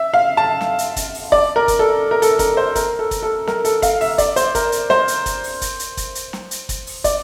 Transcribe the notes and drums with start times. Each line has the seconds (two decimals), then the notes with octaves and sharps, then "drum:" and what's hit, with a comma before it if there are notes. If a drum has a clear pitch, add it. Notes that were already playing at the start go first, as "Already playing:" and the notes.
Already playing: E5
0.14 F5
0.37 A5
0.61 drum: snare
0.79 drum: hi-hat
0.96 drum: kick, hi-hat
1.14 drum: open hi-hat
1.32 D5, drum: kick
1.56 A#4
1.68 drum: kick, hi-hat
1.79 A4
2.11 A#4
2.22 A4, drum: hi-hat
2.39 A#4, drum: kick, hi-hat
2.57 C5
2.75 A#4, drum: kick, hi-hat
2.99 A4
3.11 drum: kick, hi-hat
3.23 A4
3.47 A#4, drum: snare
3.65 A4, drum: hi-hat
3.82 F5, drum: kick, hi-hat
4.01 E5, drum: open hi-hat
4.18 D5, drum: kick, hi-hat
4.36 C5, drum: hi-hat
4.55 A#4, drum: kick, hi-hat
4.72 drum: hi-hat
4.90 C5, drum: snare
5.08 drum: hi-hat
5.26 drum: kick, hi-hat
5.44 drum: open hi-hat
5.62 drum: kick, hi-hat
5.79 drum: hi-hat
5.97 drum: kick, hi-hat
6.15 drum: hi-hat
6.33 drum: snare
6.51 drum: hi-hat
6.69 drum: kick, hi-hat
6.87 drum: open hi-hat
7.04 D5, drum: kick, hi-hat